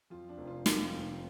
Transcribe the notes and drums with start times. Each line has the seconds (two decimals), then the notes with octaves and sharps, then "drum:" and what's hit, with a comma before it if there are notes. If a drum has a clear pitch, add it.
0.10 F2 F4
0.29 D4
0.38 F1
0.47 F4
0.66 F2 F4, drum: snare
0.93 F1